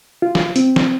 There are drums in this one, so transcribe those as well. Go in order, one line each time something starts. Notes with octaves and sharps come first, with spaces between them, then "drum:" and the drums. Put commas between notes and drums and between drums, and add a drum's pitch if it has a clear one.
F4
drum: snare
C4, drum: hi-hat
drum: snare